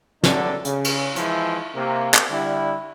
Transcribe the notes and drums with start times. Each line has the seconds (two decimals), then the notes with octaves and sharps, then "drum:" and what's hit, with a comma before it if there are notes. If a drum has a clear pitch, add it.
0.24 E2 D3 F#3 G3 D4 A4, drum: snare
0.65 C#3, drum: hi-hat
0.84 drum: cymbal
1.16 E3 F3 G#3 E4, drum: hi-hat
1.75 C3 A#3
2.14 drum: clap
2.30 D3 G3 E4